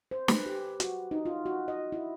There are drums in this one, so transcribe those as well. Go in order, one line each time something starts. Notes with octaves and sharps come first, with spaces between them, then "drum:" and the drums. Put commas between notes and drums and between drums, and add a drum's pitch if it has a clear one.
C5
B4, drum: snare
G4
F#4, drum: hi-hat
D#4
F4
F#4
D#5
E4